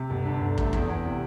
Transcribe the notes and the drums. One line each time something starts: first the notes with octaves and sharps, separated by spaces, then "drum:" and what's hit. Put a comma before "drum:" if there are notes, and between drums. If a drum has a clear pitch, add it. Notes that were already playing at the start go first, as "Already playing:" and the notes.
Already playing: C3
G1
D3
G1
A3, drum: kick
E2, drum: kick
E2
C3